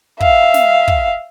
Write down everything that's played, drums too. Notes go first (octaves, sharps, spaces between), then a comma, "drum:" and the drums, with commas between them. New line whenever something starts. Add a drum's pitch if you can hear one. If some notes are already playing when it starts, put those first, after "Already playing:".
E5 F5, drum: kick
drum: snare
drum: kick